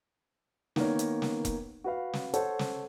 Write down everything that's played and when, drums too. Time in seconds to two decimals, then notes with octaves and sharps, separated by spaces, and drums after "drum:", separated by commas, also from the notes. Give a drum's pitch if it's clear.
0.76 D#3 A#3 B3 A#4 C#5, drum: snare
0.99 drum: hi-hat
1.22 drum: snare
1.45 drum: kick E1, hi-hat
1.84 F#4 B4 F5
2.13 drum: snare
2.34 A4 C5 C#5 F#5, drum: hi-hat
2.59 drum: snare